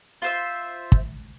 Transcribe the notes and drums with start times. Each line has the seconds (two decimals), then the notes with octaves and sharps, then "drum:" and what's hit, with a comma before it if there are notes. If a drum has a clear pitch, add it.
0.22 F4 C5 E5
0.92 drum: kick